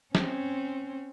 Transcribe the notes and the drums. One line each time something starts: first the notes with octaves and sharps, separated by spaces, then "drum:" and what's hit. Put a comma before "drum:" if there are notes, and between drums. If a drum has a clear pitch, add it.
C4 C#4, drum: snare